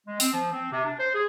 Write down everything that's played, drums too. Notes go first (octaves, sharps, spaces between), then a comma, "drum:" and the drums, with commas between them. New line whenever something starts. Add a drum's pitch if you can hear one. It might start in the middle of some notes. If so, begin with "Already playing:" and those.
G#3
C4, drum: open hi-hat
F3
C4
C3
D4
C5
G#4